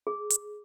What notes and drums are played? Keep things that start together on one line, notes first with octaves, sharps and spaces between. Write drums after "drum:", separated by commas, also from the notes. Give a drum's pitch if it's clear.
G#4
drum: hi-hat